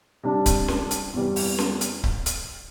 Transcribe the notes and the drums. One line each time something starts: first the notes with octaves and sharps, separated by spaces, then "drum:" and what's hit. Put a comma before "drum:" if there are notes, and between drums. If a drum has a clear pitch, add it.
C3 G3 D4
drum: kick C#1, hi-hat
drum: snare C#4
drum: hi-hat
E2 C3 G3
drum: open hi-hat
drum: snare C#4
drum: hi-hat
drum: kick C#1
drum: hi-hat